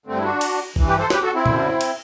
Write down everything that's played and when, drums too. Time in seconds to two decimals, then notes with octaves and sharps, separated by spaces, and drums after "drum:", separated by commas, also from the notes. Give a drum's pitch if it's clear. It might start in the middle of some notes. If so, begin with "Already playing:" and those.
0.06 G2 D3 A3 C4
0.17 E4
0.23 D4 F#4
0.41 drum: cymbal
0.76 G2 E3, drum: kick A1
0.87 G4 B4
0.99 A4 C5
1.10 G4 B4, drum: snare
1.22 F#4 A4
1.34 C4 E4
1.46 F#2 D3, drum: tom
1.81 drum: cymbal